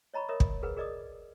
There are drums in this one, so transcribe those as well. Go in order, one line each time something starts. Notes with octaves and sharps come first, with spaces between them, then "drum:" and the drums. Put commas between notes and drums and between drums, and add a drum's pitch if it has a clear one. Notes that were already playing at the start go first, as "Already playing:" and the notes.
C#5 D#5 A#5 B5 C#6
A#4 C#5 D#5 E5 D#6
drum: kick
G#4 A#4 B4 F#5
G#4 A#4 D5 D#5 D6 D#6